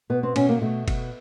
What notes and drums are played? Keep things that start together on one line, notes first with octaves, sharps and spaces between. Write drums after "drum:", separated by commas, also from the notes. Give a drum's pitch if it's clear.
B2 B3
C4
B2 C#4, drum: cymbal
A#3
B2 A3
B2, drum: kick F#1, cymbal